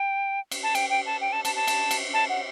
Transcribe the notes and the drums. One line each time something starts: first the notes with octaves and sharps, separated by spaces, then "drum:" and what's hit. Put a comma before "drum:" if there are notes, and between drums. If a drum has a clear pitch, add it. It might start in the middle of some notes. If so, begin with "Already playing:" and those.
Already playing: G5
drum: cymbal
A5
G5, drum: cymbal
G5
A5
G5
A5
A5, drum: cymbal
A5
drum: cymbal
drum: cymbal
A5
F#5